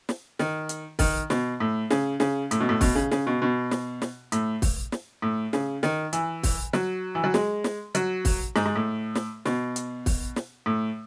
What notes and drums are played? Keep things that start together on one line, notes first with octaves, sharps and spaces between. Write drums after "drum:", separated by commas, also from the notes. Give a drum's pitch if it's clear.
drum: snare
D#3, drum: snare
drum: hi-hat
D#3, drum: kick, open hi-hat
B2, drum: snare
A2
C#3, drum: snare
C#3, drum: snare
A2, drum: hi-hat
B2
A2
B2, drum: kick, open hi-hat
C#3
C#3, drum: snare
B2
B2
drum: snare
drum: snare
A2, drum: hi-hat
drum: kick, open hi-hat
drum: snare
A2
C#3, drum: snare
D#3, drum: snare
E3, drum: hi-hat
drum: kick, open hi-hat
F#3, drum: snare
E3
F#3
G#3, drum: snare
drum: snare
F#3, drum: hi-hat
drum: kick, open hi-hat
G#2, drum: snare
G#2
A2
drum: snare
B2, drum: snare
drum: hi-hat
drum: kick, open hi-hat
drum: snare
A2